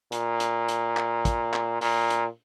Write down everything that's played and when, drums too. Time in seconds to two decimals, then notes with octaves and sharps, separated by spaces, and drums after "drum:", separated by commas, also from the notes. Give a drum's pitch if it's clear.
0.12 A#2, drum: hi-hat
0.40 drum: hi-hat
0.68 drum: hi-hat
0.97 drum: clap
1.25 drum: kick, hi-hat
1.54 drum: clap
1.81 A#2, drum: open hi-hat
2.10 drum: hi-hat